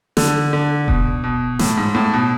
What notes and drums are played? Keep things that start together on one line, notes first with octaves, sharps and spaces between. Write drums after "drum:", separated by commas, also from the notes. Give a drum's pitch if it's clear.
D3, drum: snare
D3
B2, drum: kick E1
B2
A2, drum: snare
G#2
A2
B2